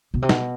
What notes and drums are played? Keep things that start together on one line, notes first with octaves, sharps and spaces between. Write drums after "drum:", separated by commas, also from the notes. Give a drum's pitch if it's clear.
B2
C3
B2, drum: snare